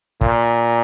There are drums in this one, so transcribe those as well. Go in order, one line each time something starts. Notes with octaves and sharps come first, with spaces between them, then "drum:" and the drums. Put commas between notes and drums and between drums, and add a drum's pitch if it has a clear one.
A#2, drum: kick